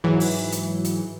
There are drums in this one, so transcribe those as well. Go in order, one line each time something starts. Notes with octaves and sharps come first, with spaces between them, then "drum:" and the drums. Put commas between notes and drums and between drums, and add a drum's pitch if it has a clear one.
G#2 E3 F#3
drum: open hi-hat
drum: hi-hat
drum: hi-hat